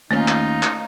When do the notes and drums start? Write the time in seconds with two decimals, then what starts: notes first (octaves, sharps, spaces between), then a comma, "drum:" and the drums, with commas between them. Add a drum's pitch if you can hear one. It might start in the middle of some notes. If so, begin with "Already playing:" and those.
0.11 D#2 A3 A#3 C#4 D#4 F4
0.28 drum: clap
0.63 drum: clap